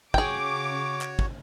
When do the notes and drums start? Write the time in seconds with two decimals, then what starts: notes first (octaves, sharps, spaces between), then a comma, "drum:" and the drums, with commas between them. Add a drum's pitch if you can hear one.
0.14 C#3 F#4 G#4 C#5 G5 D6, drum: kick
1.01 drum: clap
1.19 drum: kick